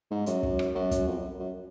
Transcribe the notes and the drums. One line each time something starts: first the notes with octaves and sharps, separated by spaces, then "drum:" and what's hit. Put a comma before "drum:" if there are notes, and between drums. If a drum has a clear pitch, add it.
G#2
F#2, drum: hi-hat
drum: kick
drum: rim click
F#2
drum: kick, hi-hat
F2
F#2
F#2